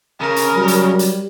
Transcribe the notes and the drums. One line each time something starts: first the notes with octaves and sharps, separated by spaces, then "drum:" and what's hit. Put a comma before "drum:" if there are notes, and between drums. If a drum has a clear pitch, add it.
C#3 A#4
drum: hi-hat
F#3 G3
drum: hi-hat
drum: hi-hat